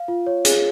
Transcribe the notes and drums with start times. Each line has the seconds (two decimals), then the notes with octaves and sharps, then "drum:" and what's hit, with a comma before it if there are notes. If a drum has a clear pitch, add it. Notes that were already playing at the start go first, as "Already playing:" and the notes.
Already playing: F5
0.08 F4
0.26 C#5
0.45 G#4, drum: hi-hat